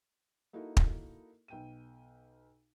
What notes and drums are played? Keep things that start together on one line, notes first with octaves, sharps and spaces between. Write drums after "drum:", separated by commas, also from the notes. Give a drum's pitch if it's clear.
A#3 D#4 E4 F#4 A4 A#4
drum: kick
B1 G5 D#7